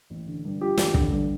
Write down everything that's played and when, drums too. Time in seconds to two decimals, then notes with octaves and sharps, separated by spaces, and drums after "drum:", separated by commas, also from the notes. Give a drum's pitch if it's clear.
0.10 A1
0.27 D3
0.45 G2
0.61 F3 G4
0.78 A1, drum: snare
0.94 D3, drum: kick
1.11 G2